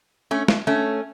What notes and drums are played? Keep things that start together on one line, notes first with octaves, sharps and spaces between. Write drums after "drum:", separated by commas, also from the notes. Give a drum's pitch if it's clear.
A3 C#4
drum: snare
A3 C#4